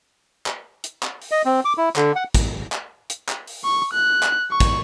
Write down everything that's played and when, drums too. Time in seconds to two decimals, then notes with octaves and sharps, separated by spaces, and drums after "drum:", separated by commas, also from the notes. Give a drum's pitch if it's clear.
0.46 drum: clap
0.84 drum: hi-hat
1.03 drum: clap
1.22 drum: open hi-hat
1.31 D#5
1.45 C4
1.65 D6
1.78 E4
1.96 D3, drum: clap
2.16 F#5
2.35 drum: kick, hi-hat
2.72 drum: clap
3.10 drum: hi-hat
3.29 drum: clap
3.47 drum: open hi-hat
3.64 C#6
3.93 F#6
4.23 drum: clap
4.51 C#6
4.60 drum: kick, hi-hat